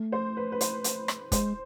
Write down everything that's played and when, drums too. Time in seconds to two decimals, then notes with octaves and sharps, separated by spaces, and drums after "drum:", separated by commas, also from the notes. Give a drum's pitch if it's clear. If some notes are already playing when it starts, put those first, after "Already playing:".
Already playing: A3
0.12 C5
0.37 B4
0.52 B4
0.61 C5, drum: hi-hat
0.84 drum: hi-hat
1.08 drum: rim click
1.32 G#3 C5, drum: kick, hi-hat